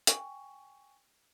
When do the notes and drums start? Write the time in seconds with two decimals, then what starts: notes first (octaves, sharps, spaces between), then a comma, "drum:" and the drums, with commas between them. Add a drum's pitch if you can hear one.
0.07 G5 G#5 C#6, drum: hi-hat